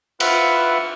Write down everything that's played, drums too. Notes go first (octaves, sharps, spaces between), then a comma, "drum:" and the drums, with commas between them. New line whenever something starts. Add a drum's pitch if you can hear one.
F4 B4 E5 F#5, drum: cymbal